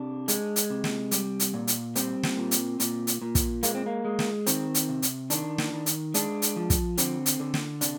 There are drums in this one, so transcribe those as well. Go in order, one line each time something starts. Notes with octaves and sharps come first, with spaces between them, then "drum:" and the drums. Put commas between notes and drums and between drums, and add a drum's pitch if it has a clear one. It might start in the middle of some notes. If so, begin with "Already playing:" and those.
Already playing: C3 D4
G#3, drum: hi-hat
drum: hi-hat
C3
drum: snare
G3, drum: hi-hat
drum: hi-hat
A#2
drum: hi-hat
G3 C4, drum: hi-hat
drum: snare
A#2
drum: hi-hat
A#2, drum: hi-hat
drum: hi-hat
A#2
drum: kick, hi-hat
G#3 A#3, drum: hi-hat
C4
A#3
G#3
drum: snare
D#3 C4, drum: hi-hat
drum: hi-hat
C3
drum: hi-hat
D#3 D4, drum: hi-hat
drum: snare
D#3
drum: hi-hat
G#3 D4, drum: hi-hat
drum: hi-hat
F3
drum: kick, hi-hat
D3 C4, drum: hi-hat
drum: hi-hat
D3
drum: snare
C3 D4, drum: hi-hat